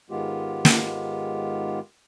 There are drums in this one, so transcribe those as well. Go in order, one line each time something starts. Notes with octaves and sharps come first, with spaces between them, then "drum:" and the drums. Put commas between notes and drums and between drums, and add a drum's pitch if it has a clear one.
G#2 D#3 G#3 B3 F4 G4
drum: snare